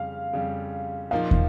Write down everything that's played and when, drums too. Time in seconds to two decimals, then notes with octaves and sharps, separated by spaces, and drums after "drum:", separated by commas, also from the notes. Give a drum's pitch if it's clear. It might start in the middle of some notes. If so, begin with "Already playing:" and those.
Already playing: F2 C#3 G3 F5
0.33 F2 C#3 G3
1.11 A#2 F3 A#3 D#4 F5
1.31 drum: kick